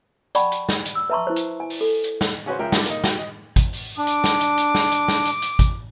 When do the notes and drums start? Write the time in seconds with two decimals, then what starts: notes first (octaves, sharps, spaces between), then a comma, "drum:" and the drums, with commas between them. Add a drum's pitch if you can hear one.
0.35 D5 F#5 G5 A5 B5 C#6, drum: hi-hat
0.52 drum: hi-hat
0.69 drum: snare
0.86 drum: hi-hat
0.95 E6
1.10 B4 E5 A5 A#5 C6 C#6
1.27 E4 B4 C5
1.36 drum: hi-hat
1.60 G#5
1.70 drum: open hi-hat
1.81 A4
2.04 drum: hi-hat
2.21 drum: snare
2.46 C#3 C#4 F#4 B4 C5
2.59 C#2 F3 A#4 E5 G5
2.72 F3 G3 D4 F4 G4 A4, drum: snare
2.86 A#3 D#4, drum: hi-hat
3.04 F#4 F#5 G5, drum: snare
3.18 D#5
3.56 drum: kick G#1, hi-hat
3.73 drum: open hi-hat
3.98 D4 D6
4.07 drum: hi-hat
4.24 drum: snare
4.41 drum: hi-hat
4.58 drum: hi-hat
4.75 drum: snare
4.91 drum: hi-hat
5.08 drum: snare
5.25 drum: hi-hat
5.42 drum: hi-hat
5.59 drum: kick G#1, hi-hat